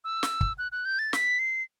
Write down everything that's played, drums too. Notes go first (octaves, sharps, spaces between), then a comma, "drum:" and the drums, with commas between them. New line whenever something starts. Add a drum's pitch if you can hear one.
E6
drum: snare
drum: kick
F#6
F#6
G6
A6
B6, drum: snare
C7